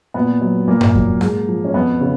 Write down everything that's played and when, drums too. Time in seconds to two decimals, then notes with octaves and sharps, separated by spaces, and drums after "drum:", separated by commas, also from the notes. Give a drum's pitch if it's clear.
0.14 A#2 B3
0.41 F#3
0.67 A#2 A#3
0.81 drum: tom G2
0.95 F#3, drum: kick E2
1.21 G#2, drum: rim click
1.48 F3
1.64 C#4
1.74 F2 B3
2.01 C#3